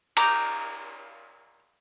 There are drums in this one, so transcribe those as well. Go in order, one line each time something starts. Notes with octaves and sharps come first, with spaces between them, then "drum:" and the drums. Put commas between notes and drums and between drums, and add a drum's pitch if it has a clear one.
A#5 D6 G6, drum: cymbal